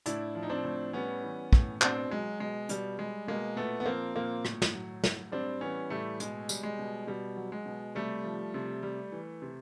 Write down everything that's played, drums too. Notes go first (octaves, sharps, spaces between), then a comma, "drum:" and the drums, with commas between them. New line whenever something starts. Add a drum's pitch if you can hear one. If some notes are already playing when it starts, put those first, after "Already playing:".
A2 D4 E4, drum: hi-hat
F3
D#4
C4 D4
A2
G3 B3 C#4
E3
A2, drum: kick
B2 C4 D4, drum: clap
F#3 G#3
B2 G#3
B2 G3, drum: hi-hat
G3 G#3
B2 G#3 A#3
A#2 A3 B3
B3
F3 A#3 C4
A#2 A#3 C4
A2, drum: rim click
drum: snare
F#3
A2, drum: snare
G3 C4 D4
E3 B3 C#4
A2 G3 A3
B2 G#3, drum: hi-hat
G3, drum: tambourine
G#3
B2
B2 G3
F#3
G#3
B2
C3 G3 A3
F3
C3
G3
E3
C3